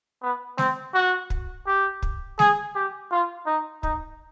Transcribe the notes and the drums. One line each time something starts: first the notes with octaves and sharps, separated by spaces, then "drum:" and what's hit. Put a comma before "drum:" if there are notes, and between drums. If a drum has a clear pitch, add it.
B3
C4, drum: snare G#3
F#4
drum: kick
G4
drum: kick
G#4, drum: snare G#3
G4
F4
D#4
D#4, drum: kick